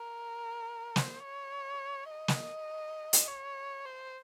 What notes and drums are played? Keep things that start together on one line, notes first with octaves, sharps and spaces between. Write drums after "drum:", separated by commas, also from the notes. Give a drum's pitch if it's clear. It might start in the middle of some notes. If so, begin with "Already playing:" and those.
Already playing: A#4
C5, drum: snare
C#5
D#5
drum: snare
drum: hi-hat
C#5
C5